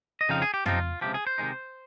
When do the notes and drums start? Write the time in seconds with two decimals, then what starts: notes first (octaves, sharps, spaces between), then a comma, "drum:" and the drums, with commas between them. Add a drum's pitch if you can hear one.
0.21 D#5
0.29 F2 C#3 F3 C4 D#4 F5
0.42 G#4
0.54 G4
0.65 C3 F3 C4 D#4 F4, drum: tom
1.01 C#2 C3 F3 G4
1.14 G#4
1.27 C5
1.38 C3 D#3 G#3 D#4